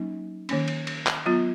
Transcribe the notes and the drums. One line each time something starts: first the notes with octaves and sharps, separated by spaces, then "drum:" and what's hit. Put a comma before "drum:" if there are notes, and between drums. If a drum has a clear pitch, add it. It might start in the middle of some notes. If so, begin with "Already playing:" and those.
Already playing: F#3 A#3 C#4 D#4
D#3 A#3 C#4, drum: cymbal
drum: cymbal
drum: cymbal
drum: clap
F#3 B3 F4